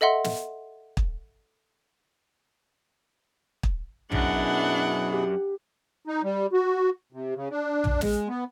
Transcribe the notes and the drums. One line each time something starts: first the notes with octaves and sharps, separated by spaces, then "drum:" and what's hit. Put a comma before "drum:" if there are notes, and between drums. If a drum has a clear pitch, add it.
A4 D#5 E5 F#5 C6
drum: snare
drum: kick
drum: kick
F#2 B2 D4 E4 G#4 F#5, drum: tom
G4
D#4
G3
F#4
C3
C#3
D4
drum: tom
G#3, drum: snare
B3